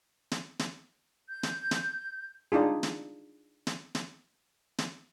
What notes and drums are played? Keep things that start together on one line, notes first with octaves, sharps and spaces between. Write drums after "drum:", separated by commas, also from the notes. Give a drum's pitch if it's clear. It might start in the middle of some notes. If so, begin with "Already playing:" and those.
drum: snare
drum: snare
G6
drum: snare
drum: snare
D4 D#4 F4 G#4
drum: snare
drum: snare
drum: snare
drum: snare